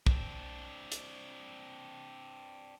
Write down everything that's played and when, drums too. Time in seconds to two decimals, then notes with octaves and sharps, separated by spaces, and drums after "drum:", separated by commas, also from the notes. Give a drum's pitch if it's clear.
0.07 C4 D4, drum: kick
0.92 drum: hi-hat